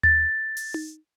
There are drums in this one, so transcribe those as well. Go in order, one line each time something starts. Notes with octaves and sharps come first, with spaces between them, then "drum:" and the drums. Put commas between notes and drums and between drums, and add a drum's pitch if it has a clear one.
A6, drum: tom D#2
drum: open hi-hat
drum: tom D#4